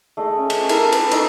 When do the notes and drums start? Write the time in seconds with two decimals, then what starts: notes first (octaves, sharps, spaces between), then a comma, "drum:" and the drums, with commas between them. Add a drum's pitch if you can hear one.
0.17 A3 G#4 D#5
0.37 C#4
0.50 drum: cymbal
0.69 E4 A4 A#4 G5, drum: cymbal
0.92 B4, drum: cymbal
1.11 C#4 D#4 A4, drum: cymbal